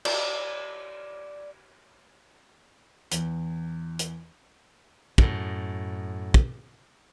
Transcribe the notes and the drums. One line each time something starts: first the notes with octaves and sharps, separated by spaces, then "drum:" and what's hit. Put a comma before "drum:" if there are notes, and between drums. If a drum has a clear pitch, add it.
D5, drum: cymbal
E2, drum: hi-hat
drum: hi-hat
F#2 A2, drum: kick
drum: kick